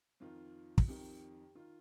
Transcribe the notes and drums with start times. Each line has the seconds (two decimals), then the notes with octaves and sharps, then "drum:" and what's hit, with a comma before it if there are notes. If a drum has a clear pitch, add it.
0.20 F2 D#3 F4
0.78 drum: kick
0.88 F2 D#3 G4
1.55 D#3 F4